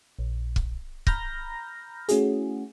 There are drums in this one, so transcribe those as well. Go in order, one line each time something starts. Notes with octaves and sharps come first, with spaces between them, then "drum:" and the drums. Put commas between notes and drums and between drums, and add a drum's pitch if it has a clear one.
A#1
drum: kick
A#5 B5 F6 G6 A#6, drum: kick
A3 C#4 E4 F#4 G#4, drum: hi-hat